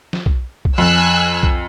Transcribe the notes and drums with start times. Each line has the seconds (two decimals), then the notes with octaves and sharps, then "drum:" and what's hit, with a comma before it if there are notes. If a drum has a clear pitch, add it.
0.13 drum: snare
0.26 drum: kick B1
0.65 drum: kick B1
0.78 F2 G#5 E6 F#6
1.43 drum: kick B1